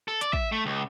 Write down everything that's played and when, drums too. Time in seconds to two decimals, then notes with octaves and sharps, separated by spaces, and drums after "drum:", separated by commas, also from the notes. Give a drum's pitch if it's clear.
0.08 A4
0.21 D5, drum: hi-hat
0.33 E5, drum: kick
0.52 A3
0.66 C#2